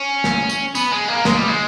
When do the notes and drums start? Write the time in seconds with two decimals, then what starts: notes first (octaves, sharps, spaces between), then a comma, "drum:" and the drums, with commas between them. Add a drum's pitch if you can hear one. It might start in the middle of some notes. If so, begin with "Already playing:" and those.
Already playing: C#4
0.24 drum: snare
0.49 drum: tambourine
0.75 B3, drum: tambourine
0.92 G#3
1.08 A#3
1.25 G#3, drum: snare
1.37 G3
1.48 G#3